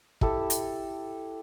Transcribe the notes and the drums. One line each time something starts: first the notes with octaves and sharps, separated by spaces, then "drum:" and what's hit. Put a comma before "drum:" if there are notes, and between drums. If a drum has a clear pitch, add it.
E4 G4 A4, drum: kick
drum: hi-hat